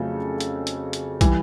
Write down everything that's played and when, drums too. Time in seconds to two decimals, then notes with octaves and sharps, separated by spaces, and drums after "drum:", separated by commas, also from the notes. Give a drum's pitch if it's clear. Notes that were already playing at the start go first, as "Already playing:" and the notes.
Already playing: F2 C#3 F#3 A3 A4
0.40 drum: hi-hat
0.67 drum: hi-hat
0.93 drum: hi-hat
1.21 E3 G3, drum: kick, hi-hat